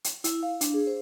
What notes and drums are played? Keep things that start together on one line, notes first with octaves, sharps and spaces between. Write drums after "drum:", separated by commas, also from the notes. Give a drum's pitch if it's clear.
drum: hi-hat
E4, drum: hi-hat
F5
D4, drum: hi-hat
G#4
C5